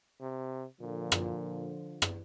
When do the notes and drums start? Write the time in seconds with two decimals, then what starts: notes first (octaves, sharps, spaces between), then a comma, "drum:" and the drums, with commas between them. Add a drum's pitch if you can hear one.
0.21 C3
0.81 A#2 D3 F3
1.12 drum: rim click
2.02 drum: rim click